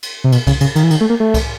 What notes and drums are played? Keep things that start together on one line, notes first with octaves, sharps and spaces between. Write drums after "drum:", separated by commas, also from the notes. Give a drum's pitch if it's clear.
drum: cymbal
C3
B2, drum: cymbal
C#3, drum: kick C2, cymbal
C#3, drum: cymbal
D#3, drum: cymbal
E3
D#3, drum: cymbal
A3
A#3
A3
drum: kick C2, cymbal